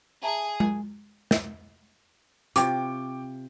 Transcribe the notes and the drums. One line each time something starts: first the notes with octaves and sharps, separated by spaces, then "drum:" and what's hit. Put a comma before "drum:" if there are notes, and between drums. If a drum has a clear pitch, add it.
G#4 E5 A5 A#5
drum: tom G#3
drum: snare
C3 F4 G5 C#6 D6, drum: hi-hat